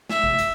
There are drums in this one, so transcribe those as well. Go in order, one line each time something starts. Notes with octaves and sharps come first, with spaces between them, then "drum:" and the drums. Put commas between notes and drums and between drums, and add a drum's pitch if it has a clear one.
E5, drum: snare
drum: kick G#1
drum: hi-hat